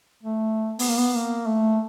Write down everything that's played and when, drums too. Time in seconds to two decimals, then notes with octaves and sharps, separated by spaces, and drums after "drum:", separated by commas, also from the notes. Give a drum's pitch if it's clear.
0.23 A3
0.79 B3, drum: open hi-hat
0.89 A#3
0.98 B3
1.16 A#3
1.47 A3